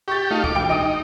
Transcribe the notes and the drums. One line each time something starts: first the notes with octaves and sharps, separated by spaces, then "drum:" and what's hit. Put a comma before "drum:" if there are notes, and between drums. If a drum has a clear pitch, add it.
G4 C#6 A6
A3 D#4 F4
D6, drum: kick
E1 G5 D7
D#4 D#5 G5 D#6